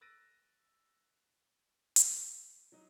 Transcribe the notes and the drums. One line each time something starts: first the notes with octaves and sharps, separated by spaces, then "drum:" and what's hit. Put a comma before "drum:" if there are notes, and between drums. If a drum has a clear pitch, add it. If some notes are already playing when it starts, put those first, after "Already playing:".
E6 F#6 A6 A#6 D7 D#7
drum: hi-hat
F#3 D#4